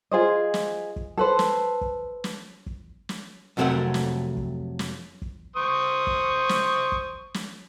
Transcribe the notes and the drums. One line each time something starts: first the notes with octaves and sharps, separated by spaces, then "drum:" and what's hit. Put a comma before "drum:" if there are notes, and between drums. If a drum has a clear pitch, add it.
F4 G#4 C5 D#5
drum: snare
drum: kick
A4 B4 C5
drum: snare
drum: kick
drum: snare
drum: kick
drum: snare
F2 C3 F#3 A3 A#4 F#5
drum: snare
drum: kick
drum: snare
drum: kick
C5 C#6 D#6
drum: kick
drum: snare
drum: kick
drum: snare